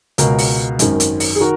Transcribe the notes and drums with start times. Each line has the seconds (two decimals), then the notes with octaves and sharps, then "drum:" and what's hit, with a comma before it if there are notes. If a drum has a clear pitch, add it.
0.18 C#2 B2 F#4 A#4, drum: hi-hat
0.39 drum: open hi-hat
0.79 G#1 F#2 D#3, drum: hi-hat
1.00 drum: hi-hat
1.20 drum: open hi-hat
1.35 G#4
1.40 D#3 F#4 A#4